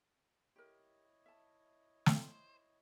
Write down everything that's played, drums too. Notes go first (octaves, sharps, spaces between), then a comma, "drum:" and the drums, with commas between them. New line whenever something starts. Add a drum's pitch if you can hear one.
E4 G4 A#4 C#5 D#5
E5 A5
C5, drum: snare